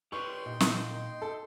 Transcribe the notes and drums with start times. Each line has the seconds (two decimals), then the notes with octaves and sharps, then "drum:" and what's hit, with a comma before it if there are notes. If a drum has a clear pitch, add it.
0.12 G4 B4 C#5 G5 C6 C#6
0.46 A#2 D#4
0.60 drum: snare
1.22 A4